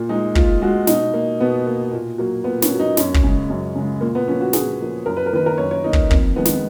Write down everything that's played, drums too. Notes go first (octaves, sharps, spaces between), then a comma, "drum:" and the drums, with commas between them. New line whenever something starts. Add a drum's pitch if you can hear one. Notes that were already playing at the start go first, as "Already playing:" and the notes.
Already playing: A#2
G#3 D#4
A#2 F4, drum: kick
G#3 F#4
B2 D#4, drum: snare
A#3
B2 B3
A#3
A#2
F#3 A#3
A#2 B3
C#4, drum: snare
F#3 A#3
D#4
F#2 C#4, drum: snare
drum: kick
C#3 G#3
F#2
C#3 G#3
A#2 A#3
B3
F3 A#3 C#4
F#4
A#2 G#4, drum: snare
F3 A#3
F#2 A#4
B4
A#4
D#3 A#3 B4
A#4
F#2 C#5
C#5
D#3 A#3 D#4
drum: kick
F2 A#3, drum: kick
D#3 G#3 B3
drum: snare